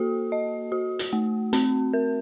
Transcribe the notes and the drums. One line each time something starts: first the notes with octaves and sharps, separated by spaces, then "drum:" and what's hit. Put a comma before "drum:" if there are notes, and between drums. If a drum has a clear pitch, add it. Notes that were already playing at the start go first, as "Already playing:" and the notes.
Already playing: A#3 F#4 A4
D#5
F#4
drum: hi-hat
A3
C4, drum: hi-hat
A#4